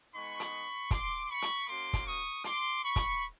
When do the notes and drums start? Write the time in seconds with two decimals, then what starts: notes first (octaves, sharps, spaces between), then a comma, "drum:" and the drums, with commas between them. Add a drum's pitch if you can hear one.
0.13 G#3 B3 D#4 B5 C#6
0.40 drum: hi-hat
0.91 C6 D6, drum: kick, hi-hat
1.29 B5 C#6
1.42 drum: hi-hat
1.67 A#3 C#4 F#4 C6 D6
1.93 drum: kick, hi-hat
2.06 C#6 D#6
2.44 C6 D6, drum: hi-hat
2.83 B5 C#6
2.96 drum: kick, hi-hat